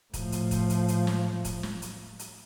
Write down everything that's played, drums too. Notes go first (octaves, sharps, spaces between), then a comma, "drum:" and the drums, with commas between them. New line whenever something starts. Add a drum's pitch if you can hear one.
A2 F3, drum: kick, hi-hat
drum: hi-hat
drum: kick, hi-hat
drum: hi-hat
drum: hi-hat
drum: snare
drum: kick, hi-hat
drum: snare
drum: hi-hat
drum: hi-hat